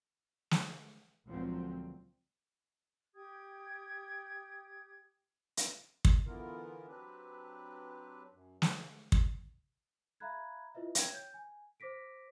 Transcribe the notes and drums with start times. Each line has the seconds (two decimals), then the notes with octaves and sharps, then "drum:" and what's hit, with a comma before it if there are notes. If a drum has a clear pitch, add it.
0.51 drum: snare
1.27 C#2 A#2 D3 F3 F#3 C4
3.15 G4 G5 D#6 G#6
5.57 drum: hi-hat
6.05 drum: kick
6.26 D3 E3 B3 E4 F4 A#4
6.88 F#3 C4 D4 G4 B4
8.32 F#2
8.62 B4, drum: snare
9.12 drum: kick
10.20 E5 F5 A#5 B5 F#6 G#6
10.75 E4 F4 B4 D#5 E5
10.95 C#5 G5 G#6, drum: hi-hat
11.14 G6
11.34 G#5
11.80 C5 D6 A#6 B6 D7